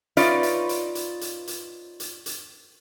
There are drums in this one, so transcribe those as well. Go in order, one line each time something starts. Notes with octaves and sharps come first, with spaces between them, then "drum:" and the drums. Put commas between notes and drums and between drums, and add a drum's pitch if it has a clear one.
C#4 D#4 F4 B4 D5, drum: hi-hat
drum: hi-hat
drum: hi-hat
drum: hi-hat
drum: hi-hat
drum: hi-hat
drum: hi-hat
drum: hi-hat